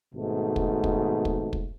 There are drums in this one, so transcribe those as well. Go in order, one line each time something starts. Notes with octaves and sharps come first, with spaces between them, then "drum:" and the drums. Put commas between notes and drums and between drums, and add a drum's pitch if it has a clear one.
G#1 G#2 B2 A3
drum: kick
drum: kick
drum: kick
drum: kick